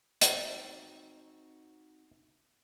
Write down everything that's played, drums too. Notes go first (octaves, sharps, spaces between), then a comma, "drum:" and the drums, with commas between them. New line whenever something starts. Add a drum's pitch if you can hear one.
C4 D#4 F#4 G5, drum: hi-hat